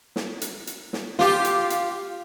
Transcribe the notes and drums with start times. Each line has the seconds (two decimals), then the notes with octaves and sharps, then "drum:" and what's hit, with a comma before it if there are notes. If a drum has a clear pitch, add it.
0.16 drum: snare
0.42 drum: hi-hat
0.67 drum: hi-hat
0.93 drum: snare
1.19 F4 G4, drum: snare
1.45 drum: hi-hat
1.70 drum: hi-hat